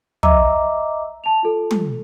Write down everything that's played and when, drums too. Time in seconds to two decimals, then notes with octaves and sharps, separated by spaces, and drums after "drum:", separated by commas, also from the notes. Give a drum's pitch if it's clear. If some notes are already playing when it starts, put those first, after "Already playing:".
0.23 D#5 E5 A#5 D6 E6, drum: tom
1.24 A5 F7
1.43 F4 A4
1.71 drum: tom